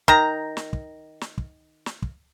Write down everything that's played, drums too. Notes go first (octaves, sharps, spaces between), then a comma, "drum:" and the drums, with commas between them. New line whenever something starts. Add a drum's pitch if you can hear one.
D#3 A#5, drum: kick
drum: snare
drum: kick
drum: snare
drum: kick
drum: snare
drum: kick